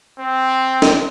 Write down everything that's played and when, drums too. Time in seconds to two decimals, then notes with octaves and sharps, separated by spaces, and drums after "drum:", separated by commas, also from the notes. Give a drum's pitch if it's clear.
0.20 C4
0.82 drum: snare